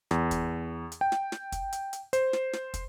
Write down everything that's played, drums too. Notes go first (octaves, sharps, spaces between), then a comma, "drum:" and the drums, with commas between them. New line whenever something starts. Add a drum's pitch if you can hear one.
E2, drum: snare
drum: kick, hi-hat
drum: hi-hat
G5
drum: snare
drum: snare
drum: kick, hi-hat
drum: hi-hat
drum: hi-hat
C5, drum: hi-hat
drum: snare
drum: snare
drum: kick, hi-hat